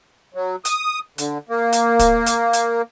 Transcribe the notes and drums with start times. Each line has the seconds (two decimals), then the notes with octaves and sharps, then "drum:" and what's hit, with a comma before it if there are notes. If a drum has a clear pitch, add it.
0.34 F#3
0.65 D#6, drum: hi-hat
1.18 D3, drum: hi-hat
1.49 A#3
1.72 drum: hi-hat
1.99 drum: kick, hi-hat
2.26 drum: hi-hat
2.53 drum: hi-hat